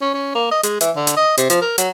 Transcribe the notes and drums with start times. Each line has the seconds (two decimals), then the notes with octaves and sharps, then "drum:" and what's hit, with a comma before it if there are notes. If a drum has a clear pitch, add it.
0.02 C#4
0.14 C#4
0.35 A#3
0.51 D#5
0.63 G#3, drum: hi-hat
0.81 E3, drum: hi-hat
0.96 D3
1.07 drum: hi-hat
1.17 D#5
1.38 C3, drum: hi-hat
1.50 F3, drum: hi-hat
1.62 A#4
1.78 F#3, drum: hi-hat